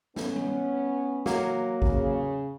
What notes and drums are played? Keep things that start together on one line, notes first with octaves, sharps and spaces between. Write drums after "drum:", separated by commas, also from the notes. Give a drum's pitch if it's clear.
B3 C#4, drum: snare
drum: tom G3
F#3 A#3, drum: snare
C#3, drum: kick G#1